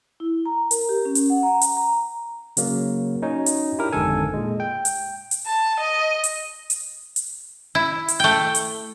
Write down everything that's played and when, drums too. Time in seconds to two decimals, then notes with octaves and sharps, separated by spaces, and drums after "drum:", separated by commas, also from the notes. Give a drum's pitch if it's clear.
0.20 E4
0.46 A#5
0.71 A#4, drum: hi-hat
0.89 G4
1.05 C#4
1.15 drum: hi-hat
1.30 F#5
1.43 A#5
1.61 drum: hi-hat
1.77 A#5
2.57 C#3 F#3 A#3, drum: hi-hat
3.22 C#4 D#4 F#4 C#5
3.46 drum: hi-hat
3.78 D4 E4 G4 A#4
3.93 G#1 F2 G#2 D3 A4 G#5
4.34 A#2 G#3
4.60 G5
4.85 drum: hi-hat
5.31 drum: hi-hat
5.46 A5
5.79 D#5
6.24 drum: hi-hat
6.70 drum: hi-hat
7.16 drum: hi-hat
7.75 E4
8.08 drum: hi-hat
8.20 A3 G5
8.55 drum: hi-hat